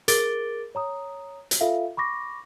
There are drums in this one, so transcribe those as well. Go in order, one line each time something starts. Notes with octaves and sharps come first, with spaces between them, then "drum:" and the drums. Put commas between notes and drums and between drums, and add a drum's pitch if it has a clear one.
G#4 A#4 D6 A6 D7 G7, drum: hi-hat
C#5 A#5 D#6
drum: hi-hat
F4 A4 E5 F5
B5 C#6 D6 A#6